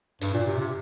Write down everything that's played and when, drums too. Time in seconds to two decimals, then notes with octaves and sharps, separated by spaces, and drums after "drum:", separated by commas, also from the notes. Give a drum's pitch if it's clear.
0.21 G2, drum: hi-hat
0.34 A#2
0.46 C3
0.59 C3